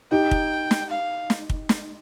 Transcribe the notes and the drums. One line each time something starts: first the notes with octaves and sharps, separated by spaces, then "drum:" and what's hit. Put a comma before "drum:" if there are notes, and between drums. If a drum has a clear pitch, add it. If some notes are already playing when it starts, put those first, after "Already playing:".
D#4 G4 G5
drum: kick
drum: snare
F5
drum: snare
drum: kick
drum: snare